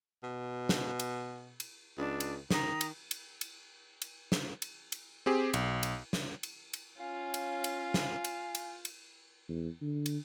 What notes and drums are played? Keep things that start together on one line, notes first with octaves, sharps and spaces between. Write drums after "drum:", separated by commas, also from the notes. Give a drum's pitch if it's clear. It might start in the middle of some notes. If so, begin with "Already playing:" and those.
B2
drum: snare
drum: cymbal
drum: cymbal
C#2 D4
drum: cymbal
D#3 A#5 D#6, drum: snare
drum: cymbal
drum: cymbal
drum: cymbal
drum: cymbal
drum: snare
drum: cymbal
drum: cymbal
C4 G4 G#4
B1, drum: cymbal
drum: cymbal
drum: snare
drum: cymbal
drum: cymbal
C#4 F4 F5 G#5
drum: cymbal
drum: cymbal
drum: snare
drum: cymbal
drum: cymbal
drum: cymbal
E2
D3
drum: cymbal